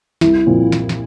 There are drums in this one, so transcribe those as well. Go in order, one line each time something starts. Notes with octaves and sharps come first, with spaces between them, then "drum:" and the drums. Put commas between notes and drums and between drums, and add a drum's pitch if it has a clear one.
C2 E4, drum: snare
A#2 F3 C4 F4
drum: snare
drum: snare